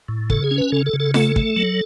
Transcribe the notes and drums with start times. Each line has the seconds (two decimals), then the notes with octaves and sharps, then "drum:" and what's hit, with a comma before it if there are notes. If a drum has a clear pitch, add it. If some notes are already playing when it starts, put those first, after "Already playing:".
0.08 A2
0.30 C#3 A4, drum: kick
0.44 G#4
0.51 C#4
0.58 B4
0.72 C#3 A4
0.86 A4
0.93 C#3
1.00 A4
1.14 A3 A4, drum: snare F4
1.36 A3, drum: kick
1.56 F#3